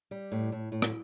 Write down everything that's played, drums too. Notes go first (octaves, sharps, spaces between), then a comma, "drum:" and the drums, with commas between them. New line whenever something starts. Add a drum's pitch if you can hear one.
G3
A2
A2
A2
drum: rim click